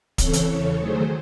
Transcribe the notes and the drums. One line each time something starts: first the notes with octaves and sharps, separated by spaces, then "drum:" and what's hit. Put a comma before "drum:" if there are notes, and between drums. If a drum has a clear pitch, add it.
C#3 E3 C4 A4 C#5, drum: kick, hi-hat
drum: hi-hat
E2 C#3 E3 A4 C#5
D#3 F#3 A3 G#4 C5